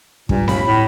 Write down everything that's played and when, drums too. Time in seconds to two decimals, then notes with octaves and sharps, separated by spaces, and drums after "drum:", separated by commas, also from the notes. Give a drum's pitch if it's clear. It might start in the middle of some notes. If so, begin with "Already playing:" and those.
0.29 G2 A#2, drum: kick
0.48 D#2 B5, drum: snare C4
0.66 A2